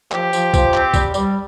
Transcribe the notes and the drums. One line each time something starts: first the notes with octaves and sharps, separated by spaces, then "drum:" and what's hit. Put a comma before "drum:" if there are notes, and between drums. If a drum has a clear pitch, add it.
F3 G4, drum: clap
F3, drum: tambourine
F3, drum: kick, tambourine
C4, drum: clap
G3, drum: kick, tambourine
G3, drum: tambourine